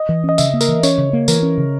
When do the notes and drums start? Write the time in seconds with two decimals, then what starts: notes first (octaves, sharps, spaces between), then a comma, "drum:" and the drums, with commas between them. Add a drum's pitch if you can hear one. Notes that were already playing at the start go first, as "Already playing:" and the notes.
Already playing: D#5
0.09 E3
0.24 C#4
0.29 D#5
0.38 C#3 E5, drum: tambourine
0.54 A#3
0.61 A#4, drum: tambourine
0.69 E3
0.83 C#4 C#5, drum: tambourine
0.98 C#3
1.13 A#3
1.28 E3 A#4, drum: tambourine
1.43 C#4
1.58 C#3